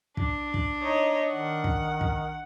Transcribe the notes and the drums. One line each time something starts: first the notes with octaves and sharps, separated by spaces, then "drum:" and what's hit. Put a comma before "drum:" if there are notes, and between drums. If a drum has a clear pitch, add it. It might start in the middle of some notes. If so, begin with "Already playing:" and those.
D4, drum: kick
drum: kick
D#4 C#5 D#5
D#3 F#5
drum: kick
drum: kick